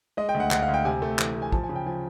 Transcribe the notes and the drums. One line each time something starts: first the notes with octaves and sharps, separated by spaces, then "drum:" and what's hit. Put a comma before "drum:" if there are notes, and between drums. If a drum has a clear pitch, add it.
G#3 D#5
G5
D2
F#5
D2 F#5, drum: clap
F5
D2
G5
C3 G#5
A3
E3, drum: clap
C3
G#5
F3 A5, drum: kick
G#5
C#3
G5
F3 G#5